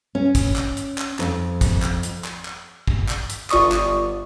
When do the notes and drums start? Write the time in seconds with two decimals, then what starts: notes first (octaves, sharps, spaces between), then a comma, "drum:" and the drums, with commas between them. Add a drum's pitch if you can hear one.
0.15 C#4
0.35 drum: kick, hi-hat
0.56 drum: clap
0.77 drum: hi-hat
0.98 drum: clap
1.19 F2, drum: clap
1.61 drum: kick, hi-hat
1.82 drum: clap
2.03 drum: hi-hat
2.24 drum: clap
2.45 drum: clap
2.87 drum: kick
3.09 drum: clap
3.30 drum: hi-hat
3.50 G1 F4 D5 C#6 D#6, drum: clap
3.72 drum: clap